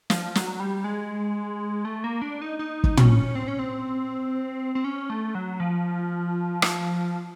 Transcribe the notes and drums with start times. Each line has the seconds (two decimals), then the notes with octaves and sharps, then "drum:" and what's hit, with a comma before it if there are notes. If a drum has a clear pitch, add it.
0.10 F3, drum: snare
0.35 F#3, drum: snare
0.60 G3
0.84 G#3
1.85 A3
2.04 A#3
2.22 D4
2.42 D#4
2.59 D#4
2.84 drum: kick
2.97 C#4, drum: tom
3.35 C4
3.48 C#4
3.59 C4
4.75 C4
4.84 C#4
5.10 A3
5.35 F#3
5.60 F3
6.62 drum: rim click